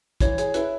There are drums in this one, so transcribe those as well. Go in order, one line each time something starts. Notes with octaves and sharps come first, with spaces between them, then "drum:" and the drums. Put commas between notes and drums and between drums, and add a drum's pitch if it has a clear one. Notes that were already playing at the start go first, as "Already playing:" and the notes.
E3 C#5, drum: kick, hi-hat
G#4 C#5, drum: hi-hat
E4 B4, drum: hi-hat